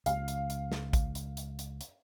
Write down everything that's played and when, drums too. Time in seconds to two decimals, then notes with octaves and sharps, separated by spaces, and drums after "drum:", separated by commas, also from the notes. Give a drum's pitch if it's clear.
0.06 C#2 F5, drum: hi-hat
0.28 drum: hi-hat
0.50 drum: hi-hat
0.72 drum: snare
0.93 drum: kick A1, hi-hat
1.15 drum: hi-hat
1.37 drum: hi-hat
1.59 drum: hi-hat
1.81 drum: hi-hat